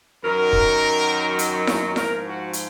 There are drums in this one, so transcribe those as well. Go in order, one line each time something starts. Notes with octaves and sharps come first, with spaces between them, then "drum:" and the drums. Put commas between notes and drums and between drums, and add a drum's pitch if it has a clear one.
F#2 D#3 F#3 A#4
drum: kick
drum: hi-hat
drum: snare E4
G#2 F3 A#4, drum: snare E4
F#4
drum: hi-hat